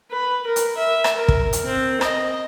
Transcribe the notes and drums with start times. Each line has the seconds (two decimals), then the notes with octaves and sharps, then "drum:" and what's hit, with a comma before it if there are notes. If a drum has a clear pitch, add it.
0.11 B4
0.46 A#4
0.56 drum: hi-hat
0.77 E5
1.04 drum: rim click
1.16 A#4
1.28 drum: kick
1.53 drum: hi-hat
1.64 C4
2.01 D#5, drum: rim click